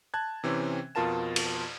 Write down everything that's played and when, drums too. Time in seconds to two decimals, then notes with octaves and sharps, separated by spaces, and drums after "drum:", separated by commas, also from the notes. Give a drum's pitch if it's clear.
0.14 A5 F#6 G#6
0.44 C3 E3 C4 C#4
0.95 F2 B2 F4 A#4 A5 E7
1.36 drum: cymbal